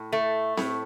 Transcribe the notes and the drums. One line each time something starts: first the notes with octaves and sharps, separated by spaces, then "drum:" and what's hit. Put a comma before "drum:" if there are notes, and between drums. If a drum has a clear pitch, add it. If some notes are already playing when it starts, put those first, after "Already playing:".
Already playing: A2
A3
A2, drum: snare C4